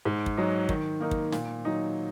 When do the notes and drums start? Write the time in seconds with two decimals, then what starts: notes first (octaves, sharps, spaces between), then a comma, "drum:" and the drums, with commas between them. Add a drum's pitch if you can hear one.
0.05 G#2
0.26 drum: kick
0.37 F#3 D#4
0.69 D#3, drum: kick
1.00 A#3 D#4 A#4
1.11 drum: kick
1.32 A#2, drum: snare
1.65 F#3 D#4